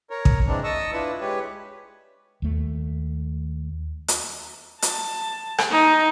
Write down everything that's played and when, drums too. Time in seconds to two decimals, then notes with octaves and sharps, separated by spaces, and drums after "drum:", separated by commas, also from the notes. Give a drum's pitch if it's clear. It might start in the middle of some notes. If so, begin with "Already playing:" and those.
0.10 A#4 C#5
0.25 drum: kick
0.47 E3 G#3 C4 D4
0.64 D#5 A5 C#6 D#6 E6
0.93 D4 E4 F4 B4
1.20 G#3 G4 B4 C#5
2.42 D#2 A3
4.08 drum: hi-hat
4.82 A5, drum: hi-hat
5.58 drum: rim click
5.71 D#4